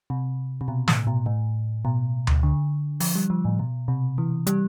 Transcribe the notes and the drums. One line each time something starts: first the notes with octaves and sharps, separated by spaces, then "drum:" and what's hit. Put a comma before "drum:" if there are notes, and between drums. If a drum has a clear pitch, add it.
C3
C3
B2
A2, drum: snare
B2
A2
B2
drum: tom D2
D3
F3, drum: open hi-hat
G3
F3
A2
B2
C3
E3
G3, drum: hi-hat